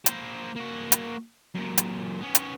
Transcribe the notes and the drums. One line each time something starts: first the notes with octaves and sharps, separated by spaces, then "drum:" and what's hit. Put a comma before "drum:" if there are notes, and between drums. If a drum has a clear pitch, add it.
A#3 C5, drum: hi-hat
A#3 F#4
drum: hi-hat
F#2 A#2
drum: hi-hat
B3 C#4
drum: hi-hat